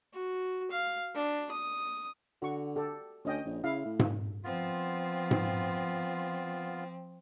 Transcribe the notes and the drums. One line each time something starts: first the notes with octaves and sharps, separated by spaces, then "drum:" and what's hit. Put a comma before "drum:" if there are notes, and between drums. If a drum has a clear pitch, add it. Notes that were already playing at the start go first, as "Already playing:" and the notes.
F#4
F5
D4
D#6
D3 F#4 C#6
G4 A4 D5
D2 C#4 D#5 G5
A#1
C#3 E4 F5
A2
drum: tom G#2
F3 B3 C4 F4
drum: tom G#2